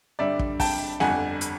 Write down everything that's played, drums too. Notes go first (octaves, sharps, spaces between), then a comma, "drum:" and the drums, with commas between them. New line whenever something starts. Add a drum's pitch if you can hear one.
G2 D3 G3 D5 E5
drum: kick
G5 A5, drum: kick, open hi-hat
G1 F2 D3 G3 F#5 G#5, drum: snare
drum: hi-hat